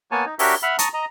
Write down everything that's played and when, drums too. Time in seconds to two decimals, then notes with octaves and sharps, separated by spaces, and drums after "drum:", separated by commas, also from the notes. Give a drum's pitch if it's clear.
0.11 A#3 B3 C#5 G#5 A5
0.25 D#4
0.39 D4 F#4 G4 A#4 C#5 E5, drum: open hi-hat
0.63 E5 F#5 B5 F6
0.79 A5 A#5 C#6 D#6, drum: hi-hat
0.94 D#5 A#5